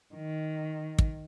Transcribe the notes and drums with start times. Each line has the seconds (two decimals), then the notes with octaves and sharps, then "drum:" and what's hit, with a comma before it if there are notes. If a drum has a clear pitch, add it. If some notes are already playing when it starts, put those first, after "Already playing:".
0.15 D#3
0.99 drum: kick